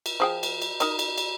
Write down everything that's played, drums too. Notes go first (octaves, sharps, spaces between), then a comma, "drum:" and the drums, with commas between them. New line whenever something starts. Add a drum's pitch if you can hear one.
drum: cymbal
F3 G#4 G5
drum: cymbal
drum: cymbal
D#4 A#4 D#5, drum: cymbal
drum: cymbal
drum: cymbal